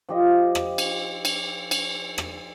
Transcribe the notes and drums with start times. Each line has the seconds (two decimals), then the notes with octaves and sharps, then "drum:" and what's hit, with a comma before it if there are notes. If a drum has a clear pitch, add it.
0.09 F3 G4 D#5
0.55 drum: rim click
0.78 drum: cymbal
1.25 drum: cymbal
1.71 drum: cymbal
2.18 drum: rim click